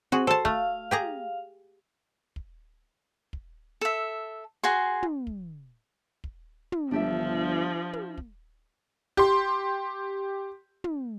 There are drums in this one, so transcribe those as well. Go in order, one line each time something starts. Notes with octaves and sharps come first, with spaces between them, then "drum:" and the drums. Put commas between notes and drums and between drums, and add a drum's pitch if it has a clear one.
C4 F#4 G#4
A4 C5 A5
A3 F5, drum: kick
G4 G#4 A#5, drum: tom
drum: kick
drum: kick
A4 E5
F#4 G#4 C6
drum: tom
drum: kick
drum: kick
drum: tom
G1 F3 D4 G4 E5
drum: tom
drum: kick
G4 C6, drum: kick
drum: tom